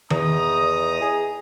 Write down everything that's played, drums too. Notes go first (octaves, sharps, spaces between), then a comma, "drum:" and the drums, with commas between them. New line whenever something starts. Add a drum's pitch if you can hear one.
E2 D#4 A#5 D#6, drum: tom D#3
G#4